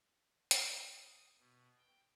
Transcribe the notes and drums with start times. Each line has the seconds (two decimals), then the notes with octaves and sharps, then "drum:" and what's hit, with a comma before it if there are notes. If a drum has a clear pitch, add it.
0.51 drum: hi-hat
0.93 D#6
1.39 B2
1.78 G5